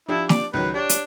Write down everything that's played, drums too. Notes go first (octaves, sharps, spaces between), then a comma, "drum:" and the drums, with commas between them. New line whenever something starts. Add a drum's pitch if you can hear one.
F3 D4 E4 G4
D5, drum: snare
C#2 D#3 F#3 B4
D4 G4 C#5
drum: hi-hat